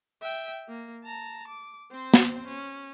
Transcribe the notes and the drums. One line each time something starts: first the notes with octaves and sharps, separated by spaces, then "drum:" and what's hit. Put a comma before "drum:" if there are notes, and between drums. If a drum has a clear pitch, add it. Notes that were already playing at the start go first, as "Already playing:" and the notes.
E5 G5
A#3
A5 A#5
D6
C4 C5
drum: snare
C#4